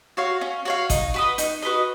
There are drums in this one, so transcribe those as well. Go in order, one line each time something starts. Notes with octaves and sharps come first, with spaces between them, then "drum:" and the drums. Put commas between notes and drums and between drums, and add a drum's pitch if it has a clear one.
F#4 C#5 F5
C#4
F#4 C#5 F5
D#4, drum: kick G#1, hi-hat
F#4 B4 D#5
D#4, drum: hi-hat
F#4 B4 D#5